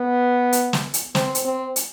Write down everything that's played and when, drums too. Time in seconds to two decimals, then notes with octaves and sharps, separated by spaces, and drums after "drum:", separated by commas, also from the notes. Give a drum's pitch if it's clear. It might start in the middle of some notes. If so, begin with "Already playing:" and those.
Already playing: B3
0.52 drum: hi-hat
0.73 drum: snare
0.94 drum: hi-hat
1.15 C4, drum: snare
1.35 drum: hi-hat
1.45 C4
1.76 drum: hi-hat